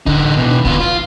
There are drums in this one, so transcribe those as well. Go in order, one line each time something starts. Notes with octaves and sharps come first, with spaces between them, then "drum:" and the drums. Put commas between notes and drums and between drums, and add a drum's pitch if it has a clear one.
D3 D#4, drum: kick
B2 E3
B3 F4, drum: kick
F4